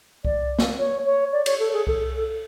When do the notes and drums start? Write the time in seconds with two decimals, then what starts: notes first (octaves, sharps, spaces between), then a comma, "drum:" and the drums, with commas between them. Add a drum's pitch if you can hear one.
0.25 D5, drum: kick C2
0.59 drum: snare
0.79 C#5
1.05 C#5
1.33 D5
1.46 C#5, drum: cymbal
1.59 A4
1.73 G#4
1.87 A4, drum: kick C2